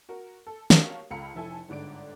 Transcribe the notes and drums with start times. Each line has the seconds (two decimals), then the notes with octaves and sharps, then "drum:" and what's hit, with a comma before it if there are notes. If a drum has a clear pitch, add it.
0.09 F#4 A#4
0.47 A4
0.70 F#4 G4 A#4 C#5 F5 A5, drum: snare
1.11 C#2 A4 F5 A#5 B5 C#7
1.35 F1 E4 A4 G#5
1.68 G1 G#2 D3 D5 D7